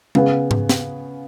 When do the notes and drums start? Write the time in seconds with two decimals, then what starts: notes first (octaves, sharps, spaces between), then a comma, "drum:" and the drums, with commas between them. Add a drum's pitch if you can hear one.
0.15 C#3 B3 G#4, drum: tom G#3
0.51 drum: tom G#2
0.69 drum: snare